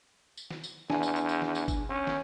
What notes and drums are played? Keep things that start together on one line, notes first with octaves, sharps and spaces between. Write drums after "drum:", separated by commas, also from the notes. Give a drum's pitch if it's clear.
drum: tambourine
drum: snare
drum: tambourine
E2 D4 G#5, drum: snare
drum: tambourine
drum: tambourine
drum: tambourine
drum: snare
drum: tambourine
drum: kick G1, tambourine
C#4
drum: snare